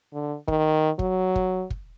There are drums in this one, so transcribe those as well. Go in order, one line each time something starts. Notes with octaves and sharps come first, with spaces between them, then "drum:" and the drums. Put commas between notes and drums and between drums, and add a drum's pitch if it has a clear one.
D3
D#3, drum: kick
F#3, drum: kick
drum: kick
drum: kick